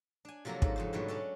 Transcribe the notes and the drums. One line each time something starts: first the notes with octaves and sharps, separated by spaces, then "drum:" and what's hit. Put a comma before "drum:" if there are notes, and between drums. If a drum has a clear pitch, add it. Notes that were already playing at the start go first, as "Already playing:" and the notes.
D4 G#5
C3 F3 F#3 A#3 A4 A#5
G#2 A4, drum: kick
F2 C#3 C5
G#2 B2 D3 F#3 G3 A3
C#4 D4 A4